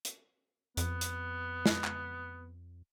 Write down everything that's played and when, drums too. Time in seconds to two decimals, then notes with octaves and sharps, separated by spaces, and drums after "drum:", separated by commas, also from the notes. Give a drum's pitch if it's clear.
0.05 drum: hi-hat
0.77 F2 B3, drum: hi-hat
1.01 drum: hi-hat
1.66 drum: snare
1.84 drum: clap